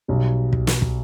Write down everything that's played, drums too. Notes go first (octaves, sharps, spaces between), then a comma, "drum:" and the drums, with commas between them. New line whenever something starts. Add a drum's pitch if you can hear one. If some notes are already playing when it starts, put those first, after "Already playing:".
B1 B2 G3
drum: kick
drum: snare
drum: kick